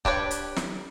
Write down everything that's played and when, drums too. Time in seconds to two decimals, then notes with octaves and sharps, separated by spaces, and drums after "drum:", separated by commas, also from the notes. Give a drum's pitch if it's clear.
0.05 D4 G4 B4 C#5, drum: kick C#1
0.31 drum: hi-hat
0.56 drum: snare